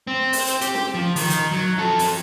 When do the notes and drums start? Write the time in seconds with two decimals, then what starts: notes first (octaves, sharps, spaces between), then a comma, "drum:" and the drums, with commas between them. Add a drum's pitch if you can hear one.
0.07 C4
0.33 drum: open hi-hat
0.47 drum: hi-hat
0.61 G4, drum: hi-hat
0.74 drum: snare
0.94 F3
1.16 D#3, drum: open hi-hat
1.30 drum: hi-hat
1.52 F#3
1.79 F3 A4
1.99 drum: open hi-hat